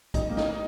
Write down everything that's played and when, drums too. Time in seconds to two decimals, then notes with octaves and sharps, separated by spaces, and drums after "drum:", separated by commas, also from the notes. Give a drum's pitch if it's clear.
0.14 G3 D#4, drum: kick, hi-hat
0.30 A#3
0.37 D#4, drum: snare